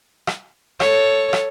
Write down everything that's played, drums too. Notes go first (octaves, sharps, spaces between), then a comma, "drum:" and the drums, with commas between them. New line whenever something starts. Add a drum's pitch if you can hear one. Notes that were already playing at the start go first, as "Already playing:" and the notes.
drum: rim click
A4 C#5, drum: rim click
drum: rim click